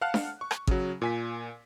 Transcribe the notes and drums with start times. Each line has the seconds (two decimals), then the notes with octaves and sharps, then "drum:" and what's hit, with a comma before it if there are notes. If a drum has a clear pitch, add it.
0.01 F5 F#5 A5 F6 F#6
0.14 drum: snare D4
0.41 C#6
0.51 drum: rim click
0.67 C#3 F#3, drum: kick
1.02 A#2 G#5 B6